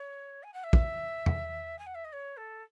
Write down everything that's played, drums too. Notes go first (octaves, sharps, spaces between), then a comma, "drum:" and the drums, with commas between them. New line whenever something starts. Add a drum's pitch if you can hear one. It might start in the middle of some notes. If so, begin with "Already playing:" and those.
Already playing: C#5
G#5
F#5
E5
drum: kick
drum: tom E2
G#5
F#5
E5
D#5
C#5
A4